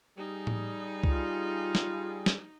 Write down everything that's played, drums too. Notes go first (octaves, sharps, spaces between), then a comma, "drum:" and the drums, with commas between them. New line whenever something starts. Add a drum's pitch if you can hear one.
G3 D#4 G#4
drum: tom A2
F4, drum: kick
drum: snare
drum: snare